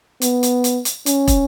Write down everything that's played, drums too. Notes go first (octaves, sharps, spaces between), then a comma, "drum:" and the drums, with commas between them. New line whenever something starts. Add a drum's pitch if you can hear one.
B3, drum: hi-hat
drum: hi-hat
drum: hi-hat
drum: hi-hat
C#4, drum: hi-hat
drum: kick, hi-hat